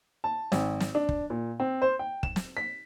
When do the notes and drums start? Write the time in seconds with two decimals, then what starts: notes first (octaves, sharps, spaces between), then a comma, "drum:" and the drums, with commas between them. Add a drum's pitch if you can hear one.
0.24 A5
0.52 G#1, drum: snare
0.80 drum: snare
0.95 D4
1.09 drum: kick
1.30 A#2
1.60 C4
1.82 C5
1.99 G5
2.23 E7, drum: kick
2.36 drum: snare
2.57 B6